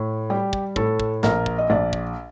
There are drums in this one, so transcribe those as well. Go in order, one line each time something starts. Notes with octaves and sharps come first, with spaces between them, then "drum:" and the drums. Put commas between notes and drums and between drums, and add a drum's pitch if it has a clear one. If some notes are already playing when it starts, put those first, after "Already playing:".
Already playing: A2
G3 G4
drum: kick
A2 A4, drum: kick
drum: kick
A#1 A#4, drum: snare
drum: kick
D#5
A#1 D5
drum: kick